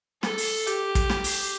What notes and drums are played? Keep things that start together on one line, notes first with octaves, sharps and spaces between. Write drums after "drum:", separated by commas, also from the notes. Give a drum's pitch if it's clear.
A4, drum: snare
drum: open hi-hat
G4, drum: hi-hat
drum: kick, hi-hat
drum: snare
drum: open hi-hat